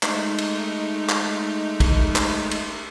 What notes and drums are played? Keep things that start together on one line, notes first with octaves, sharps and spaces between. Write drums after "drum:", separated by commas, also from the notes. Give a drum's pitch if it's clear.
G#3 A3 D#4, drum: clap
drum: cymbal
drum: clap
drum: kick, cymbal
drum: clap
drum: cymbal